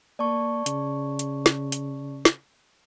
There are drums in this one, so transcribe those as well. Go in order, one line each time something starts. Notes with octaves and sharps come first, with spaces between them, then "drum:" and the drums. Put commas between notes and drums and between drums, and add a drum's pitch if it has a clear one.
A#3 D5 A5 C#6
C#3, drum: hi-hat
drum: hi-hat
drum: snare
drum: hi-hat
drum: snare